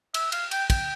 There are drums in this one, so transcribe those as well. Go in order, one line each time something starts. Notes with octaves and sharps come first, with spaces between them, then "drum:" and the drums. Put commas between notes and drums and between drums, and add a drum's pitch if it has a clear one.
E5, drum: cymbal
F5, drum: cymbal
G5, drum: cymbal
G5, drum: kick, cymbal